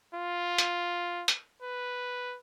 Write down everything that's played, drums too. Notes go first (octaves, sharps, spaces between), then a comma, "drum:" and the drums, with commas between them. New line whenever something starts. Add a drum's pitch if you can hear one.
F4
drum: hi-hat
drum: hi-hat
B4